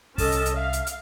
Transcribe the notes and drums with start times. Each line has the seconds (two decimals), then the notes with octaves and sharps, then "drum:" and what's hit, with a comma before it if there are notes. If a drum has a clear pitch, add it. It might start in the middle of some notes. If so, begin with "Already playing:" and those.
0.18 C2 C#4 A4 D#5 A5, drum: kick, open hi-hat
0.32 drum: hi-hat
0.46 drum: hi-hat
0.55 E5 F5
0.73 drum: hi-hat
0.87 drum: hi-hat